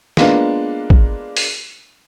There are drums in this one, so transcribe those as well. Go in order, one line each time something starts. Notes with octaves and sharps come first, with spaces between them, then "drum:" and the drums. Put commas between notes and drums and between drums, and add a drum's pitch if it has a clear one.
G#3 A#3 B3 D4 F4, drum: snare
drum: kick
drum: open hi-hat